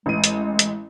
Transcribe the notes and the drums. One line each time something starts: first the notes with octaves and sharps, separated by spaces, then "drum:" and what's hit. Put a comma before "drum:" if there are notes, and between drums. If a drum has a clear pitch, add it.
A1 G#3 D#7
drum: hi-hat
drum: hi-hat